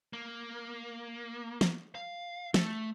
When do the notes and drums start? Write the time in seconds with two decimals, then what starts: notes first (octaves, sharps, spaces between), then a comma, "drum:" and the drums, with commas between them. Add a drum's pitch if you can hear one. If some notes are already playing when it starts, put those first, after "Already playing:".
0.13 A#3
1.61 drum: snare
1.95 F5
2.54 A3, drum: snare